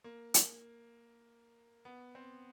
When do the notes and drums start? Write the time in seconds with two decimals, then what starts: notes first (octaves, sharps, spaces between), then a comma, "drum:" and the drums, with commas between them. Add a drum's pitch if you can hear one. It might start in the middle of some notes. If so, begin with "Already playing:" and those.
0.04 A#3
0.34 drum: hi-hat
1.85 B3
2.15 C4